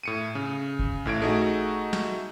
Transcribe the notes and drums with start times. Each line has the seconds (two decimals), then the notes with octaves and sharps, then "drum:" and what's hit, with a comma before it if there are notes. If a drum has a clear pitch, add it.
0.03 A2 C#7 D#7
0.35 C#3
0.79 drum: kick G1
1.05 A1 A2 G#6 D7
1.22 A3 D#4 F#4 G#4
1.93 drum: snare